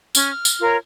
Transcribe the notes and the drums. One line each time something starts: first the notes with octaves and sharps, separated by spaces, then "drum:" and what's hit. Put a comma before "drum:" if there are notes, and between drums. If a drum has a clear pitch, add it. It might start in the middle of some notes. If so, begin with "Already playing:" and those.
C#4 F6, drum: tambourine
drum: tambourine
F4 A#4 C#5